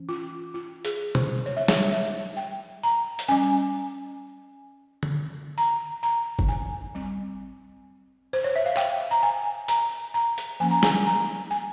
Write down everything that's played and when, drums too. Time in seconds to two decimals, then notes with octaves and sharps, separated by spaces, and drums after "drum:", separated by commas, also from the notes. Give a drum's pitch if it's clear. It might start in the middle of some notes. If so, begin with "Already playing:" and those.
Already playing: E3 C#4
0.09 F4
0.54 F4
0.85 G#4, drum: hi-hat
1.15 C5, drum: tom B2
1.46 C#5
1.57 E5
1.68 C#5, drum: snare
1.92 E5
2.37 G5
2.84 A#5
3.19 drum: hi-hat
3.28 G3 C#4 G#5
5.03 drum: tom D3
5.58 A#5
6.03 A#5
6.39 drum: kick G1
6.48 G#5
6.95 G3 C4
8.33 C5
8.44 C#5
8.56 E5
8.66 F5
8.77 G5, drum: clap
9.11 A#5
9.23 G#5
9.68 A#5, drum: hi-hat
10.14 A#5
10.38 drum: hi-hat
10.60 F3 A#3 C#4 G#5
10.71 A#5
10.83 G#5, drum: snare
11.06 A#5
11.51 G#5